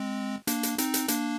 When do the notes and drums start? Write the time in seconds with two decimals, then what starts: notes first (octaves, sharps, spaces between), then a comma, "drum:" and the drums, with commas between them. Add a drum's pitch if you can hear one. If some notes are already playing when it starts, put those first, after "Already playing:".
Already playing: G#3 C4
0.47 A#3 D4, drum: hi-hat
0.63 drum: hi-hat
0.78 C4 D#4, drum: hi-hat
0.94 drum: hi-hat
1.08 A#3 D4, drum: hi-hat